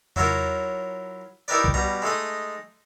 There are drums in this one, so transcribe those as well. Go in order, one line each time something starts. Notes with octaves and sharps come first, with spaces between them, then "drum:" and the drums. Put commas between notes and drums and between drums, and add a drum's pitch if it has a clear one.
F#3 E4 F4 A#4 C#5, drum: tom E2
D#4 E4 G4 A#4 B4 D5
drum: kick C2
B2 G3 A#5
G#3 A3 D#4 D#5